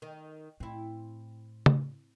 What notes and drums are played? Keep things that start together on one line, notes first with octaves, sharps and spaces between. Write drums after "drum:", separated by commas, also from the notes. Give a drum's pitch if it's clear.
D#3
A2 C4 E4
drum: tom